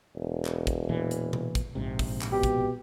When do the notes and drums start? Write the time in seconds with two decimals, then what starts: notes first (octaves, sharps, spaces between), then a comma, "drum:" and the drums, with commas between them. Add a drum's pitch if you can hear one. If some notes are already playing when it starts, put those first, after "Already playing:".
0.16 E1
0.45 drum: clap
0.67 drum: kick, hi-hat
0.89 A#2 E3
1.11 drum: hi-hat
1.33 drum: tom B2
1.55 drum: kick, hi-hat
1.75 A#1 G#2 C3
1.99 drum: kick, open hi-hat
2.21 drum: clap
2.32 B2 G4
2.43 drum: kick, hi-hat